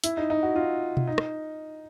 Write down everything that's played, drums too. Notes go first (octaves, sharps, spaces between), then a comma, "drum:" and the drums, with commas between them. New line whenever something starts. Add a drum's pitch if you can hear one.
E4, drum: hi-hat
D#4
D#4
F#4
F4
drum: tom B2
D#4
drum: rim click